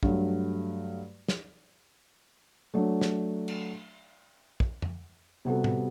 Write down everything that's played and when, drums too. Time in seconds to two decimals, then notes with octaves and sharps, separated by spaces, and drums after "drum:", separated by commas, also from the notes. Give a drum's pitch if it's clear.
0.03 G2 F#3 A3, drum: kick
1.28 drum: snare
2.74 F#3 A3 D4
3.01 drum: snare
3.48 drum: cymbal
4.60 drum: kick
4.82 drum: tom F2
5.45 C3 G3 B3 F#4 A4
5.64 drum: tom A2